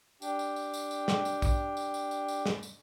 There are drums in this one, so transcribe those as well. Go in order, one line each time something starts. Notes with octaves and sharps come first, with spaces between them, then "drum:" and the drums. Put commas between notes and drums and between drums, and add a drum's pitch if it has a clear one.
D4 G4 G5, drum: tambourine
drum: tambourine
drum: tambourine
drum: tambourine
drum: tambourine
drum: snare
drum: tambourine
drum: kick A#1, tambourine
drum: tambourine
drum: tambourine
drum: tambourine
drum: tambourine
drum: snare
drum: tambourine